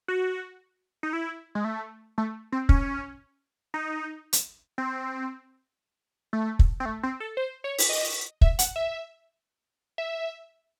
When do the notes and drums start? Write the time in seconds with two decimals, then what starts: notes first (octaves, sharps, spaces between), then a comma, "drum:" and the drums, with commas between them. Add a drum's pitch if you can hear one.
0.08 F#4
1.03 D#4
1.13 E4
1.55 G#3
1.65 A3
2.18 A3
2.52 C4
2.69 C#4, drum: kick
3.74 D#4
4.33 drum: hi-hat
4.78 C4
6.33 A3
6.59 drum: kick
6.80 C4
6.85 A3
7.03 C4
7.20 A4
7.37 C5
7.64 C#5
7.79 drum: open hi-hat
7.89 D#5
8.41 E5, drum: kick
8.59 F#5, drum: hi-hat
8.76 E5
9.98 E5